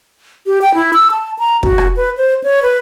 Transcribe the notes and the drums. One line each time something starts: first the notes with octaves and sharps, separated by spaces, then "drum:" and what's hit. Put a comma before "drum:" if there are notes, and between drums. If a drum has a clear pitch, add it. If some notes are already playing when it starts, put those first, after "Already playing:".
G4
G5
E4
E6
A5
A#5
F#4, drum: kick
drum: rim click
B4
C5
C#5
B4